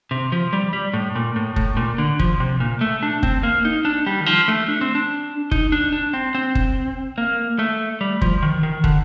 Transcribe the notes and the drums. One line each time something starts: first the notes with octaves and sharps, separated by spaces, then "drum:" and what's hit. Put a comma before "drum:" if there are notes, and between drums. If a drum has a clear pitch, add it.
C3
F3
G3
G3
A2
A#2
A2
A2, drum: kick
A#2
D3
F3, drum: kick
C3
A#2
A3
D4
C4, drum: kick
A#3
D#4
D4
G3
D#3
F3
A3
D4
C4
D4
D#4, drum: kick
D4
D4
C4
C4
drum: kick
A#3
A3
G3
F3, drum: kick
D#3
D#3
D3, drum: kick